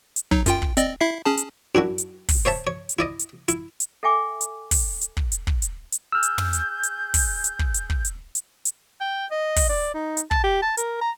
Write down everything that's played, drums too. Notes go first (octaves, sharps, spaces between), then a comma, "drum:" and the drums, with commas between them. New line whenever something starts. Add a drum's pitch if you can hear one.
drum: hi-hat
F#3 D#4, drum: kick
F#2 F4 G5, drum: hi-hat
drum: kick
C4 D5 D#5, drum: hi-hat
E4 E5 C7
C#4 G#4 A5
drum: hi-hat
F#2 D4 E4 F#4
drum: hi-hat
drum: kick, open hi-hat
C5 C#5 E5 A5
C#5
drum: hi-hat
E4 D5 D#5
drum: hi-hat
E4, drum: hi-hat
drum: hi-hat
A4 E5 G5 G#5 D6
drum: hi-hat
drum: kick, open hi-hat
drum: hi-hat
drum: kick
drum: hi-hat
drum: kick
drum: hi-hat
drum: hi-hat
G#4 E6 F6 G6
drum: hi-hat
drum: tom
drum: hi-hat
drum: hi-hat
drum: kick, open hi-hat
drum: hi-hat
drum: kick
drum: hi-hat
drum: kick
drum: hi-hat
drum: hi-hat
drum: hi-hat
G5
D#5
drum: kick, open hi-hat
D5
D#4
drum: hi-hat
A5, drum: kick
G4
A5
A#4, drum: hi-hat
A#5